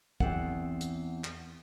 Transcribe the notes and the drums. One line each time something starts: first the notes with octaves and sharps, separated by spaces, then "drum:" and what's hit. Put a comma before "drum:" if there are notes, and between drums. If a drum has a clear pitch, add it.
E2 C4 F#5, drum: kick
drum: hi-hat
drum: clap